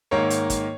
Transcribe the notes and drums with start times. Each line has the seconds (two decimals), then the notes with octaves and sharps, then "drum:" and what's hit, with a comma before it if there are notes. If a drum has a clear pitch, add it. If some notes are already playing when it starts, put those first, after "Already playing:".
0.11 G#2 D#3 A#3 C#5
0.30 drum: hi-hat
0.50 drum: kick, hi-hat